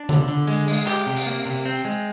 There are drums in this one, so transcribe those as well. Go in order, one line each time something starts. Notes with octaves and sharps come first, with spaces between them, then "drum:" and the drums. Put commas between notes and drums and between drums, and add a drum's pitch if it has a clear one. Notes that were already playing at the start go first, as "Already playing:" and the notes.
Already playing: D4
D3, drum: tom C#3
D3
G#3, drum: cymbal
G#3, drum: cymbal
G4, drum: clap
C3
drum: cymbal
A#3
C3
C4
G#3